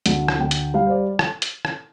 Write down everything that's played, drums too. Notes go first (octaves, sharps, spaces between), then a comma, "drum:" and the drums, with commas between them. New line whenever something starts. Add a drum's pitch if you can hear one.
D2, drum: hi-hat
drum: rim click
D2 G5
drum: hi-hat
G3 F5
C5
D5
drum: rim click
drum: hi-hat
drum: rim click